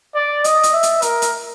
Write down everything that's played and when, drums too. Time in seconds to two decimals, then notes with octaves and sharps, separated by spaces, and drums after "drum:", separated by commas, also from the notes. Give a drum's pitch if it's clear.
0.15 D5
0.44 D#5, drum: hi-hat
0.63 drum: hi-hat
0.73 E5
0.83 drum: hi-hat
1.02 A#4, drum: hi-hat
1.22 drum: hi-hat